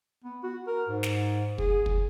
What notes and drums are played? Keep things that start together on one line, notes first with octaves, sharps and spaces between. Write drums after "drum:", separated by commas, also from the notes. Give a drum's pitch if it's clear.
B3
F#4
A#4
G#2
drum: snare
G#4, drum: kick
drum: kick